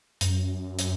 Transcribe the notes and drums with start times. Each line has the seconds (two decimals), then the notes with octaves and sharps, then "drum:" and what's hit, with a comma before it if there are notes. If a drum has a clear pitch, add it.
0.21 F#2, drum: hi-hat
0.79 drum: hi-hat